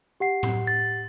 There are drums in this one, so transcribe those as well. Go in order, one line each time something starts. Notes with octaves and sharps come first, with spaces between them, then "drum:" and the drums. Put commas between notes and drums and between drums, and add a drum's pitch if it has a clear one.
G4 F#5 C7
drum: tom A2
A6